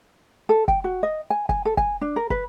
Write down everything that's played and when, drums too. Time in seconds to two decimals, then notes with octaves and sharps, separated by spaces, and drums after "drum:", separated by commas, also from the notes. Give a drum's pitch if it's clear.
0.49 A4
0.68 G5, drum: kick
0.84 F#4
1.03 D#5
1.30 G#5
1.49 G#5, drum: kick
1.65 A4
1.77 G#5, drum: kick
2.01 D4
2.16 A#4
2.30 B4, drum: kick